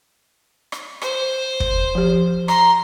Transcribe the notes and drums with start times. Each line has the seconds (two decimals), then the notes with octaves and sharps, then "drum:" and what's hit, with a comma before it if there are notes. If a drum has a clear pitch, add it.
0.72 drum: rim click
1.02 C5, drum: rim click
1.60 drum: kick
1.95 F3 G4
2.48 A#5 C6, drum: rim click